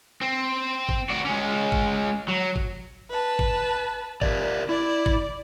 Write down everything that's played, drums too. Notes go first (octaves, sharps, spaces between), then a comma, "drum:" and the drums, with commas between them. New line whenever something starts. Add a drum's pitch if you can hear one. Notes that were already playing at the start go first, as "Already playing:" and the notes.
C4
drum: kick
F#4 D5
G#3 C#4
drum: kick
F#3
drum: kick
B4 A5
drum: kick
G4 A#4 D5, drum: kick
E4 D5
drum: kick